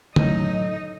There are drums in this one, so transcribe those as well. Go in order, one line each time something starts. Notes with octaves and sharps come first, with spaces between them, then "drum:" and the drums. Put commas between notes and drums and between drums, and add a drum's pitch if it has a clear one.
A2 F#3 D#4 A4 D#5 G6, drum: tom